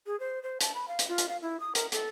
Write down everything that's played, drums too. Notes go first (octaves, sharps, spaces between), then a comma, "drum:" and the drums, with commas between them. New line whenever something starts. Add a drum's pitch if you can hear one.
G#4
C5
C5
A5, drum: hi-hat
B5
F5
drum: hi-hat
F4
drum: hi-hat
F5
E4
D#6
A#4, drum: hi-hat
A4, drum: hi-hat